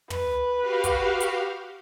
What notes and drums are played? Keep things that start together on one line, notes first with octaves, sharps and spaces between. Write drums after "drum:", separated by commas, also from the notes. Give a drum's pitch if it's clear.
B4, drum: tom
F#4 G4 F5
drum: kick, hi-hat
drum: hi-hat